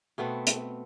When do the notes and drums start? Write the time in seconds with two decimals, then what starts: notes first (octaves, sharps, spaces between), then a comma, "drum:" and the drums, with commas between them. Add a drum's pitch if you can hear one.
0.18 B2 A3 B3 C4
0.47 drum: hi-hat